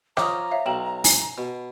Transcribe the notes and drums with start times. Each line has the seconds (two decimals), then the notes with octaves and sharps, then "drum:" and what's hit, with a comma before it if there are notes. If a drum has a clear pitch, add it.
0.17 F3 C#4 A#5 D6 D#6, drum: rim click
0.51 C#5 E5 F5
0.66 B1 G5 E7 F#7
1.04 G#5, drum: open hi-hat
1.38 B2